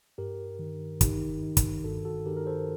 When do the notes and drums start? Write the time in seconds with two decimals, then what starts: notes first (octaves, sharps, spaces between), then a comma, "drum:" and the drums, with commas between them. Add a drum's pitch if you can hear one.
0.18 G2 G4 A#4
0.59 D#3
1.01 D#3 D#4 G4, drum: kick, hi-hat
1.43 D#3
1.57 drum: kick, hi-hat
1.84 G2 F#4 A4
2.05 F#4 A4
2.26 D#3 G4 A#4
2.37 A#4
2.47 A4 C5